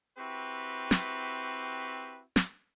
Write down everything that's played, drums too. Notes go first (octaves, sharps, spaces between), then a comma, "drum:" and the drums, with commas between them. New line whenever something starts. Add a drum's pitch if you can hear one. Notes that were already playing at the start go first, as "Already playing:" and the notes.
C4 E4 F#4 G4 B4
drum: snare
drum: snare